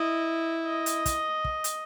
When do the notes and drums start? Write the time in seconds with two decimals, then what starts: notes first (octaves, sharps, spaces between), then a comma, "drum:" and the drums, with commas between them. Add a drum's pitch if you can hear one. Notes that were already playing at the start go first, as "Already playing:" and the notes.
Already playing: E4 D#5
0.66 D#5
0.86 drum: hi-hat
1.06 drum: kick, hi-hat
1.45 drum: kick
1.64 drum: hi-hat